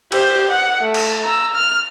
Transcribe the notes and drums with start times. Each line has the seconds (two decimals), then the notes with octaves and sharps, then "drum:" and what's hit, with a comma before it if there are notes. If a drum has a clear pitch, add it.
0.12 G4 C5, drum: cymbal
0.51 F#5
0.80 A3
0.94 drum: cymbal
1.24 A#5 E6
1.55 F6